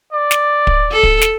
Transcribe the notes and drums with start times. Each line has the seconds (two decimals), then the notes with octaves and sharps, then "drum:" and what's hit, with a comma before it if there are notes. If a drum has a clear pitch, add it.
0.13 D5
0.31 drum: snare
0.67 drum: kick
0.92 A4
1.03 drum: kick
1.21 drum: snare